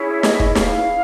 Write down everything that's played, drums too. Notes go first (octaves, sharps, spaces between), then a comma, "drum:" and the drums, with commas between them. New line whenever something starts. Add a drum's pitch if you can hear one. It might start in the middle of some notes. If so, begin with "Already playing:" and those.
Already playing: C#4 E4 G#4
E5
D#5, drum: snare
drum: kick
F5, drum: snare